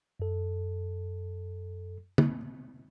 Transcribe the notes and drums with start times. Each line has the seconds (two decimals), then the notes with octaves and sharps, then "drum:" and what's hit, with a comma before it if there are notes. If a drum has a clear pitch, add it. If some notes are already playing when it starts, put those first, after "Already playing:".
0.20 F#2 A4
2.18 drum: tom